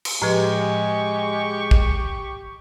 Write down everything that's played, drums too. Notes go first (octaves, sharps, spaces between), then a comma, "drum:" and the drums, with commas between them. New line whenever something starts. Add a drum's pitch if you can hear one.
drum: cymbal
A2 F3 G#3 G4 B4 C#6
drum: kick